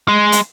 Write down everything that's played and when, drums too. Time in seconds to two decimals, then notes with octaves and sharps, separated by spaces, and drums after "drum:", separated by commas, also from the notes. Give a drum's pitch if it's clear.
0.08 G#3
0.32 drum: hi-hat